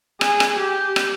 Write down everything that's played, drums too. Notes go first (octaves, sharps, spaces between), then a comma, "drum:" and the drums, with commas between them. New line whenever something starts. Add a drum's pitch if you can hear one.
G#4, drum: rim click
drum: rim click
G4
drum: rim click